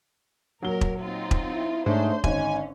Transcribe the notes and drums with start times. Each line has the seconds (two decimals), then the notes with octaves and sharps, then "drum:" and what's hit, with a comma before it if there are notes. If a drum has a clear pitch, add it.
0.63 A#2 F#3 A#4 G7
0.81 drum: kick E1
1.02 C4 D#4 F4
1.31 drum: kick E1
1.53 E4
1.86 G#2 A3 D4 C5 C#5
2.24 G#1 D3 C#4 D#4 G#5, drum: kick E1